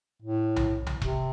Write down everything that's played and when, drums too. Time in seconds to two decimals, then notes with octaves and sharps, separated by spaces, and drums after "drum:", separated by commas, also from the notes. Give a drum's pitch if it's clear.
0.22 A2
0.56 drum: tom B1
0.86 drum: tom B1
1.02 C3, drum: kick E1